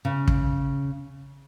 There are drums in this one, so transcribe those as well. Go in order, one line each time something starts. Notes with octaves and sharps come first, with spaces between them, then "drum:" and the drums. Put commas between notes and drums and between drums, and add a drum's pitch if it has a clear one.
C#3
drum: kick